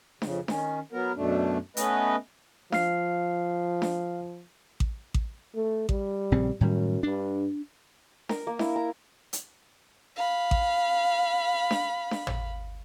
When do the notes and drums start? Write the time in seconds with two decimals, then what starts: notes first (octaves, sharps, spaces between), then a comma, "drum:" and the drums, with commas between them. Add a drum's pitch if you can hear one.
0.22 F2 C#3, drum: snare D4
0.48 D#3 C#4, drum: snare D4
0.92 F#3 B3 A#4
1.16 F#2 B2 A3 D4
1.77 A3 B3 C#4 B4 D#5, drum: hi-hat
2.72 F3 F5 F6 C7, drum: snare D4
3.82 drum: snare D4
4.80 drum: kick A1
5.14 drum: kick A1
5.55 A3
5.89 G3, drum: kick A1
6.32 A#1 C#3 C4
6.61 F#2 A2 D#3 G3
7.03 G2 D4
8.29 A#4, drum: snare D4
8.47 A#3
8.59 E4, drum: snare D4
8.76 A#5
9.33 drum: hi-hat
10.16 F5 B5
10.51 drum: kick A1
11.71 drum: snare D4
12.11 drum: snare D4
12.27 drum: tom